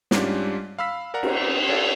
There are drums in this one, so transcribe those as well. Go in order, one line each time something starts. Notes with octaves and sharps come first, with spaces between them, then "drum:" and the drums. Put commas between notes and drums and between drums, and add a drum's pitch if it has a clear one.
G#2 G3 C#4 D4 F4, drum: snare
F5 B5 E6 B6
A#4 D5 F#5 A#5
drum: cymbal
A4 C#5 D5 F5